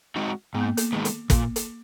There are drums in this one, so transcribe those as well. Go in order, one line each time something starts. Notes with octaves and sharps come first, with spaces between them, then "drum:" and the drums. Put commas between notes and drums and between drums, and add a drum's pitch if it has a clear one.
G#3 C4 D#4 F#4
G#2 B3
A#3
A#3, drum: hi-hat
D#3 G#3 B3
drum: hi-hat
A#2 A#3, drum: kick, hi-hat
drum: hi-hat